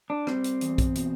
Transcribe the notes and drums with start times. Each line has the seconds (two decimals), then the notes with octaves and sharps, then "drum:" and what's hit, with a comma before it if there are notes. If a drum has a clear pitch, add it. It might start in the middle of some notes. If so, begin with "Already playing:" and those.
0.10 D4
0.27 G3 C4, drum: rim click
0.44 drum: hi-hat
0.61 E2, drum: hi-hat
0.78 drum: kick, hi-hat
0.95 B2, drum: hi-hat